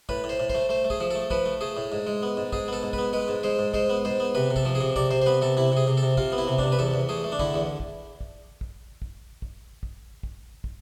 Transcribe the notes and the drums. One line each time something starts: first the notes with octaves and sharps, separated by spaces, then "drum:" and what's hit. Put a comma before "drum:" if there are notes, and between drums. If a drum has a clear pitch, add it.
A2 B4, drum: kick
A2
C5
A2
C5, drum: kick
A3
A3 C5
A3
G#4, drum: kick
F3
A3 A4
F3 B4, drum: kick
A3
A3 G#4
A2
G#2
G#3
B3
G#2
G#2 G#4, drum: kick
B3 A4
G#2
B4, drum: kick
B3
G#3 B4
G#2
G#3 C5
G#2
G#3 C5, drum: kick
B3
G#2 C5
B3
C3 B4
C3
A4, drum: kick
F3
G#4
C3
C3 D5, drum: kick
C3 C5
C5
B3 B4
C3 A4
C3 E4
C3 G#4
C3
A4
C3
C3 F4, drum: kick
B3
E4
C3
C3 D4, drum: kick
B4
E2 A4
E2
A3 G#4
A3
D4
D3 E4, drum: kick
E2
drum: kick
drum: kick
drum: kick
drum: kick
drum: kick
drum: kick
drum: kick
drum: kick